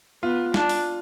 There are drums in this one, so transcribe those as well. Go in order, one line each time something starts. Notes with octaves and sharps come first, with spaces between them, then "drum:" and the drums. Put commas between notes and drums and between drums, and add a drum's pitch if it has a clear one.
B3 F4
D4, drum: snare
drum: open hi-hat